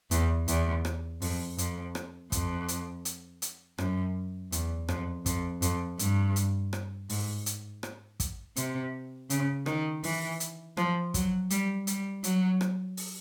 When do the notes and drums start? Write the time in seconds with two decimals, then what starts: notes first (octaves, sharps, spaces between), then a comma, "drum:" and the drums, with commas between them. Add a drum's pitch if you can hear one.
0.11 E2, drum: hi-hat
0.48 E2, drum: hi-hat
0.85 drum: rim click
1.22 F2, drum: open hi-hat
1.58 F2, drum: hi-hat
1.95 drum: rim click
2.32 F2, drum: kick, hi-hat
2.68 drum: hi-hat
3.05 drum: hi-hat
3.42 drum: hi-hat
3.78 F#2, drum: rim click
4.52 E2, drum: hi-hat
4.88 F2, drum: rim click
5.26 F2, drum: kick, hi-hat
5.62 F2, drum: hi-hat
5.99 G2, drum: hi-hat
6.36 drum: hi-hat
6.73 drum: rim click
7.10 G#2, drum: open hi-hat
7.46 drum: hi-hat
7.83 drum: rim click
8.20 drum: kick, hi-hat
8.56 C3, drum: hi-hat
9.30 C#3, drum: hi-hat
9.66 D#3, drum: rim click
10.04 E3, drum: open hi-hat
10.40 drum: hi-hat
10.77 F3, drum: rim click
11.14 F#3, drum: kick, hi-hat
11.50 G3, drum: hi-hat
11.87 G3, drum: hi-hat
12.24 F#3, drum: hi-hat
12.61 drum: rim click
12.97 drum: open hi-hat